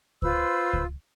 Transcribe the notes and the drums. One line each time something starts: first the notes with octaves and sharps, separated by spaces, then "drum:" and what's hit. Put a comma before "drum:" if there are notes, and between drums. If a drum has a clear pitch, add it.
F4 B4 C5 E6, drum: kick C#2
drum: kick C#2